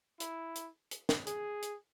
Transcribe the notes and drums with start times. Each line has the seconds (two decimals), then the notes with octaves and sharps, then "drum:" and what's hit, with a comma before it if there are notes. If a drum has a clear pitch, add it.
0.20 E4, drum: hi-hat
0.55 drum: hi-hat
0.91 drum: hi-hat
1.09 drum: snare
1.27 G#4, drum: hi-hat
1.62 drum: hi-hat